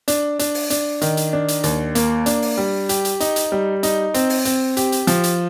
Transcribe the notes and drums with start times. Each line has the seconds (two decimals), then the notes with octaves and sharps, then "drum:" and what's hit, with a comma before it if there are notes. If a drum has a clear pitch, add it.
0.08 D4, drum: hi-hat
0.39 D4, drum: hi-hat
0.55 drum: open hi-hat
0.70 D4, drum: hi-hat
1.01 D#3, drum: hi-hat
1.17 drum: hi-hat
1.33 D4
1.48 drum: hi-hat
1.63 D#2, drum: hi-hat
1.95 A#3, drum: hi-hat
2.26 D4, drum: hi-hat
2.42 drum: open hi-hat
2.58 G3
2.89 G4, drum: hi-hat
3.05 drum: hi-hat
3.20 D#4, drum: hi-hat
3.36 drum: hi-hat
3.52 G3
3.83 D#4, drum: hi-hat
4.14 C4, drum: hi-hat
4.30 drum: open hi-hat
4.45 C4, drum: hi-hat
4.77 G4, drum: hi-hat
4.92 drum: hi-hat
5.07 F3, drum: hi-hat
5.23 drum: hi-hat